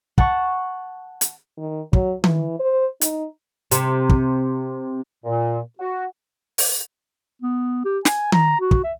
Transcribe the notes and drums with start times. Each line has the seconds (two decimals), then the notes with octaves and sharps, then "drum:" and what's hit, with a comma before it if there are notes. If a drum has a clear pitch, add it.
0.18 F#5 A5 C#6, drum: kick
1.21 drum: hi-hat
1.58 D#3
1.93 F#3, drum: kick
2.24 E3, drum: tom D#3
2.60 C5
3.01 D#4, drum: hi-hat
3.71 C3, drum: hi-hat
4.09 drum: kick
5.25 A#2
5.79 F#4
6.58 drum: open hi-hat
7.42 B3
7.85 G4
8.05 G#5, drum: snare
8.32 A#5, drum: tom D#3
8.60 F#4
8.71 drum: kick
8.83 E5